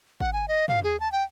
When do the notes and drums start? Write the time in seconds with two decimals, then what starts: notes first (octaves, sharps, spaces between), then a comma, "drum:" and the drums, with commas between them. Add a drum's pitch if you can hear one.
0.20 F#5, drum: kick
0.33 G#5
0.48 D#5
0.68 F5, drum: tom
0.84 G#4
1.00 A5
1.12 G5